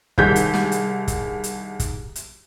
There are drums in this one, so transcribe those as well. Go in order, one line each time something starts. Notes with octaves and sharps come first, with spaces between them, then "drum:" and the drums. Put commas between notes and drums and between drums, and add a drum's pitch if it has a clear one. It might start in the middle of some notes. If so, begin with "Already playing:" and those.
C2 D#3 G#4 G6 B6, drum: kick
drum: hi-hat
drum: snare
drum: hi-hat
drum: kick, hi-hat
drum: hi-hat
drum: kick, hi-hat
drum: hi-hat